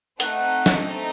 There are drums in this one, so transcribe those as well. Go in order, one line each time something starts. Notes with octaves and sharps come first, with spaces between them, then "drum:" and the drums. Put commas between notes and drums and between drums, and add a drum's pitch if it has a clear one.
A3 C4 D#4 F#5, drum: hi-hat
drum: snare